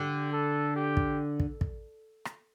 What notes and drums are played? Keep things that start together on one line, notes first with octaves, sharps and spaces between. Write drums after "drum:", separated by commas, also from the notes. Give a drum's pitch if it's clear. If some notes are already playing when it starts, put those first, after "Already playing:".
Already playing: D3 G4
A4
G4
drum: kick
drum: kick
drum: kick
drum: rim click